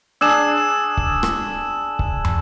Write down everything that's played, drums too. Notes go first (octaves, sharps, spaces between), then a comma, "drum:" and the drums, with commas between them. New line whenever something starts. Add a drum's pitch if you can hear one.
D4 G#4 E6 E7
drum: kick C#1
drum: rim click
drum: kick C#1
drum: tom